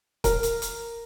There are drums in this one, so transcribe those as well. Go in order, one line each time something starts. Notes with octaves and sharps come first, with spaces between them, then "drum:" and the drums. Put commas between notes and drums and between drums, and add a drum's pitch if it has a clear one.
A#4, drum: kick C#1, hi-hat
drum: hi-hat
drum: hi-hat